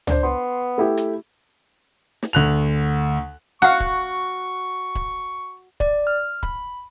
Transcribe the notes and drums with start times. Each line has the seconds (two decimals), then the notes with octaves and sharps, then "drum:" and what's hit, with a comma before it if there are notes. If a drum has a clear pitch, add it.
0.07 D4 C5, drum: tom
0.23 B3 C6
0.78 A3 E4 G4
0.97 drum: hi-hat
2.23 drum: snare
2.33 D2 F#6 F7
3.62 F#4 F5 F#5 C#6
3.80 drum: kick
4.95 drum: kick
5.80 D5, drum: kick
6.07 F6
6.43 B5, drum: kick